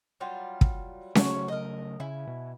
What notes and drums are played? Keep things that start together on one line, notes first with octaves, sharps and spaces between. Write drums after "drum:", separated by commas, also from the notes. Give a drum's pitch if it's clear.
F#3 G3 F4
drum: kick
C#3 F#3 A3 C#4 F#4 C#5, drum: snare C#4
A#4 D#5
C#3 E4 G#5
B2